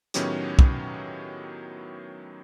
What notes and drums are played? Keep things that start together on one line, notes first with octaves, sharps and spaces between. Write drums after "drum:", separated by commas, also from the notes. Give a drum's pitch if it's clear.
A2 D#3 F#3 B3 C#4 G4, drum: hi-hat
drum: kick